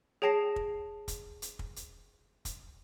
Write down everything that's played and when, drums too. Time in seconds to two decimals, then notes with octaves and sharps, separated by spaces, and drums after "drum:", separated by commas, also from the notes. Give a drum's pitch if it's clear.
0.22 G#4 C#5 G5 A5 A#6 C7
0.56 drum: kick
1.08 drum: kick, hi-hat
1.42 drum: hi-hat
1.59 drum: kick
1.76 drum: hi-hat
2.45 drum: kick, hi-hat